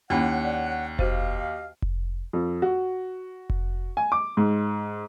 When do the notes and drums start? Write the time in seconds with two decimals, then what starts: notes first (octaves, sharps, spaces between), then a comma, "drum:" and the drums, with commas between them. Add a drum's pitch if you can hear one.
0.10 D#2 A#3 C#4 E4 C#5 F#5
0.44 D5
0.99 F#4 G4 C5 D#5 F5, drum: kick F1
1.82 drum: kick F1
2.33 F2
2.62 F#4
3.50 drum: kick F1
3.97 G#5
4.12 D6
4.37 G#2